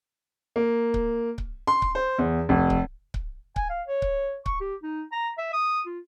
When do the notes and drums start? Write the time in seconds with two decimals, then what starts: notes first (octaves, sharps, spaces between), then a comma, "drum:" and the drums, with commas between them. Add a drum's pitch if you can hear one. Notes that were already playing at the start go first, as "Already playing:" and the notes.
0.56 A#3
0.94 drum: kick C#1
1.38 drum: kick C#1
1.67 C6
1.82 drum: kick C#1
1.95 C5
2.18 E2
2.49 F1
2.70 drum: kick C#1
3.14 drum: kick C#1
3.56 G#5, drum: kick C#1
3.70 F5
3.88 C#5
4.02 drum: kick C#1
4.46 C#6, drum: kick C#1
4.61 G4
4.83 D#4
5.12 A#5
5.38 E5
5.53 D#6
5.86 F4